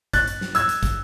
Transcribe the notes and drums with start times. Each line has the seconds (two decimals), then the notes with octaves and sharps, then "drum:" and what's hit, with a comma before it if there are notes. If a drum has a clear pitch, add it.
0.13 F#6 A6, drum: kick, hi-hat
0.28 drum: hi-hat
0.41 drum: snare
0.55 E6 G#6, drum: hi-hat
0.69 drum: hi-hat
0.83 drum: kick, hi-hat